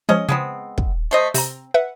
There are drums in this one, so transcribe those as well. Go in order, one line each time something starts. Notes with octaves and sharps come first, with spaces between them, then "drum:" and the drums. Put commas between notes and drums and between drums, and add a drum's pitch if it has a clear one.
F3 G#3 C#4 D#5
C#3 F3 G#3 B3 C4
drum: kick
A3 C5 D#5
C3 C4 A#5, drum: open hi-hat
B4 E5 F#5